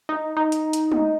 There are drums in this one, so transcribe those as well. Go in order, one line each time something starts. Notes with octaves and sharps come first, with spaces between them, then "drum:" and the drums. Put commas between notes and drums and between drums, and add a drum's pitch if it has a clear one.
D#4
D#4
drum: hi-hat
drum: hi-hat
drum: tom G#3